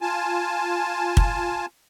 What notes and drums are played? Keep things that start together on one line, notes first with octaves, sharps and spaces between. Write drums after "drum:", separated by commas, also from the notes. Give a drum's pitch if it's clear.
F4 G#5 A5
drum: kick